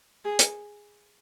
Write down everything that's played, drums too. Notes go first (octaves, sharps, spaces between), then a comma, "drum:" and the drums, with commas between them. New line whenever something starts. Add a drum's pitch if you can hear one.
G#4
drum: hi-hat